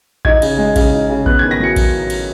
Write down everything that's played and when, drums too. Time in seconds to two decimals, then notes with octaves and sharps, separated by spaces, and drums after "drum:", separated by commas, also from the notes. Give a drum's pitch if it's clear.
0.25 D#4 G#6, drum: kick A1
0.42 C#3, drum: cymbal
0.58 G#3
0.76 C#3, drum: kick A1, cymbal
0.93 D#4
1.09 C#3
1.26 B3 F#6, drum: kick A1
1.39 D#3 G#6
1.51 A#6
1.60 F#3 C#7
1.76 drum: kick A1, cymbal
2.10 drum: cymbal